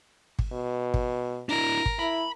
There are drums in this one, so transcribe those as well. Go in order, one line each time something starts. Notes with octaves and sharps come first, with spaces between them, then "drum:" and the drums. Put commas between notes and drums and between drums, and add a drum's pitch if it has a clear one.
drum: kick G#1
B2
drum: kick G#1
D4 E4 A#4
drum: kick G#1
E4 B5